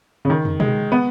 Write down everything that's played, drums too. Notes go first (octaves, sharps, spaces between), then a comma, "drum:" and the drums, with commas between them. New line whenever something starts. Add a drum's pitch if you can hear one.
C#3
D#3
drum: tom
G#3, drum: tom B2
B3